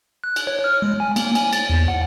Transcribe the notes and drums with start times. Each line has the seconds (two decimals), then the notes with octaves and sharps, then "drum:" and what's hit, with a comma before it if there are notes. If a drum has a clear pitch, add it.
0.24 F#6
0.36 drum: cymbal
0.47 C#5
0.64 F6
0.82 G#3
1.00 G#5
1.16 A#3, drum: cymbal
1.35 G#5, drum: cymbal
1.53 A6, drum: cymbal
1.70 E2
1.88 F#5